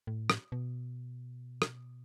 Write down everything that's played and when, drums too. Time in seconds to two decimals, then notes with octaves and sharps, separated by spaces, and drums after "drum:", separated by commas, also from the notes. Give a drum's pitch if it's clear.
0.07 A2
0.30 drum: rim click
0.52 B2
1.62 drum: rim click